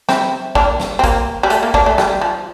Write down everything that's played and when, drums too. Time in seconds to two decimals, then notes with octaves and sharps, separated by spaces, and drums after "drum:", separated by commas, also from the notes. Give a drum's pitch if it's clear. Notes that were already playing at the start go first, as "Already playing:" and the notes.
0.09 C4 E4, drum: snare
0.55 A#3 D4, drum: kick
0.80 drum: snare
0.99 C4
1.04 A#3, drum: kick, hi-hat
1.43 G3
1.50 A3, drum: hi-hat
1.63 A#3
1.74 A#3 D4, drum: kick
1.86 A3
1.98 G3, drum: snare
2.21 F3